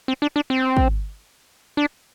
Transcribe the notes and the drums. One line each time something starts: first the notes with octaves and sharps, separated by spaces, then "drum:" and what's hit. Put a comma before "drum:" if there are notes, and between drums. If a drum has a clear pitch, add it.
C4
D4
D4
C4
drum: kick
D4